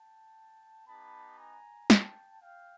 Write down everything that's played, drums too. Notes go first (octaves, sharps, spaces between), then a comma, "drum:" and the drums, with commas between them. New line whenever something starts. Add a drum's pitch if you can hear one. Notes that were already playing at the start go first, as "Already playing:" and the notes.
Already playing: G5 A5
B3 D#4 G4 A5 B5
G#5 A#5
G5 A5, drum: snare
F5 G5